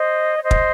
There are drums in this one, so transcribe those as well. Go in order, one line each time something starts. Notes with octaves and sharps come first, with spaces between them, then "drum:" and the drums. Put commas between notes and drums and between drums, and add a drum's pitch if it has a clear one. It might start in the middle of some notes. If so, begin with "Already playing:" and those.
Already playing: C5 D#5
C#5
C5 D#5
drum: kick